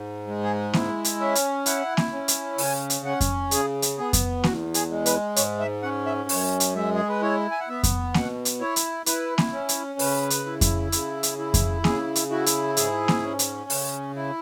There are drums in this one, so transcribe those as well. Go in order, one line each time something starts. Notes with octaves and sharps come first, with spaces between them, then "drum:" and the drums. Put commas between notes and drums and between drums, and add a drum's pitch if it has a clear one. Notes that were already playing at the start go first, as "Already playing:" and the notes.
Already playing: G#2
G#3
G#4
E4, drum: snare A#3
drum: hi-hat
C#4 E5
drum: hi-hat
E4 F#5, drum: hi-hat
drum: snare A#3
C#4
drum: hi-hat
C#3 G#5, drum: open hi-hat
drum: hi-hat
C#4 F#5
drum: kick F2, hi-hat
C#3 G#4, drum: hi-hat
drum: hi-hat
B3 G#4
drum: kick F2, hi-hat
E2 F#4, drum: snare A#3
G#4, drum: hi-hat
G#3
B4, drum: hi-hat
G#2 C#5, drum: hi-hat
E5
C#4 F#5
E5
F#2 C#5, drum: open hi-hat
drum: hi-hat
G#3 E5
G#4
B4
E4 C#5
G#5
F#5
B3 E5
drum: kick F2, hi-hat
B2 F#5, drum: snare A#3
drum: hi-hat
E4 C#5
drum: hi-hat
E4 B4, drum: hi-hat
drum: snare A#3
C#4
drum: hi-hat
C#3 B4, drum: open hi-hat
drum: hi-hat
E4
drum: kick F2, hi-hat
C#3, drum: hi-hat
drum: hi-hat
E4
drum: kick F2, hi-hat
C#3 G#4, drum: snare A#3
drum: hi-hat
E4 F#4
drum: hi-hat
G#2 G#4, drum: hi-hat
drum: snare A#3
C#4
drum: hi-hat
C#3, drum: open hi-hat
E4